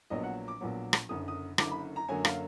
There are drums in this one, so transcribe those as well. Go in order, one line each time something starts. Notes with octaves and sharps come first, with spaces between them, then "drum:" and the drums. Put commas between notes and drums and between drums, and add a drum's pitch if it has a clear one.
A#1 A#2 F#3 B3 D#5
F#5
D6
A#1 A#2 F#3 B3
drum: rim click
F#1 F#2 D3 D#6
D#6
F#1 F#2 D3 D6, drum: rim click
B5
A#5
F#2 D3 F#3 A#3 G#5
F5, drum: rim click